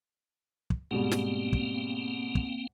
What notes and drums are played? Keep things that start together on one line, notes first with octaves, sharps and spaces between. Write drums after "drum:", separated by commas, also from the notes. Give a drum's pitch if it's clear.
drum: kick
G#2 B2 G3 A#3 C4
drum: snare
drum: kick
drum: kick